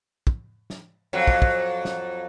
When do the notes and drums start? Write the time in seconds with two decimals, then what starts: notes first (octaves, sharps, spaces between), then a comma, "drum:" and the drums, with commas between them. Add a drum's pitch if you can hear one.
0.27 drum: kick
0.70 drum: snare
1.13 F2 F#3
1.27 drum: kick
1.42 drum: kick
1.85 drum: snare